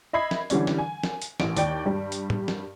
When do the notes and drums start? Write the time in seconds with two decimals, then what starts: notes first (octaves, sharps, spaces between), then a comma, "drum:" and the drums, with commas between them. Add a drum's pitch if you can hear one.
0.13 D#5 E5 B5 G#6 C7
0.31 drum: snare
0.50 D3 E3 G3 C#4 D4, drum: hi-hat
0.67 drum: snare
0.78 G#5
1.03 drum: snare
1.22 drum: hi-hat
1.40 A1 D7, drum: snare
1.57 D#2 D5 G5 D7, drum: hi-hat
1.86 G2 G3
2.12 drum: hi-hat
2.30 drum: tom
2.48 drum: snare